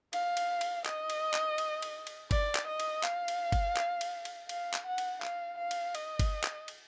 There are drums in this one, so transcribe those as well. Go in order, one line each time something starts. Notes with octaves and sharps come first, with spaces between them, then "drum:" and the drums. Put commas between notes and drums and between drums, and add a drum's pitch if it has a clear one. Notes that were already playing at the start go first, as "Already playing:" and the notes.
F5, drum: cymbal
drum: cymbal
drum: cymbal
D#5, drum: clap
drum: cymbal
drum: clap
drum: cymbal
drum: cymbal
drum: cymbal
D5, drum: kick G1, cymbal
drum: clap
D#5
drum: cymbal
F5, drum: clap
drum: cymbal
drum: kick G1, cymbal
drum: clap
drum: cymbal
drum: cymbal
F5, drum: cymbal
drum: clap
F#5
drum: cymbal
F5, drum: clap
F5
drum: cymbal
D#5, drum: cymbal
drum: kick G1, cymbal
drum: clap
drum: cymbal